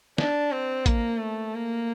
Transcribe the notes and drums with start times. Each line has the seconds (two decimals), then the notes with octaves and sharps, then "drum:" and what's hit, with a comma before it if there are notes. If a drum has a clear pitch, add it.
0.18 D4, drum: snare
0.52 C4
0.86 A#3, drum: kick, hi-hat
1.20 A3
1.54 A#3